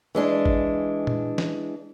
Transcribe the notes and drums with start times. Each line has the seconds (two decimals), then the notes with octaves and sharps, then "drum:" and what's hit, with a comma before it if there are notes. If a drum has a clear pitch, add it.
0.15 E3 G#3 D4
0.46 drum: kick G#1
1.07 drum: tom A#2
1.38 drum: snare